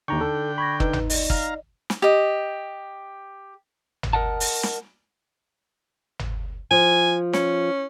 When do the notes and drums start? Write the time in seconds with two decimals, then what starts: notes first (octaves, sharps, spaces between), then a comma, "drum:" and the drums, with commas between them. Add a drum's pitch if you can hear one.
0.08 D#2 D3 D#4 G5 A#5 C#6
0.21 A4
0.58 B5 C#6 G#6 A#6
0.80 D#4 B4, drum: kick
0.93 drum: tom
1.10 D5 D#5, drum: open hi-hat
1.30 F5 A#5, drum: kick
1.90 drum: snare
2.02 G4 D#5
4.03 drum: tom
4.13 A#4 D#5 F#5 A5
4.40 drum: open hi-hat
4.63 drum: snare
6.19 drum: tom
6.71 F3 G#5
7.33 C#4, drum: snare